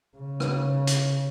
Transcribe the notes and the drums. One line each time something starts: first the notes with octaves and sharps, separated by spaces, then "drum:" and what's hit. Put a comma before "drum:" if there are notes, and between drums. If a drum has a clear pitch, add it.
C#3
drum: rim click
drum: hi-hat